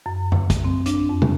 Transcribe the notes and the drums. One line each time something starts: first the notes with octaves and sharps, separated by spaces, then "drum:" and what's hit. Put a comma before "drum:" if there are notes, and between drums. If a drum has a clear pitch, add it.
F#2
drum: tom F2
drum: kick, hi-hat
C4
D4, drum: hi-hat
F2
drum: tom